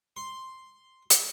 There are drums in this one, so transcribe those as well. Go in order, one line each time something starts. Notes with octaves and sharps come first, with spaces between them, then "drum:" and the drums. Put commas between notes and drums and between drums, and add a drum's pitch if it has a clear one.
C6
drum: hi-hat